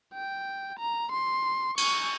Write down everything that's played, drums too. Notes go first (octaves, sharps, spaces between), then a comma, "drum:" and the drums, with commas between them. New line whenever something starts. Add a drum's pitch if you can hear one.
G5
A#5
C6
C#6, drum: cymbal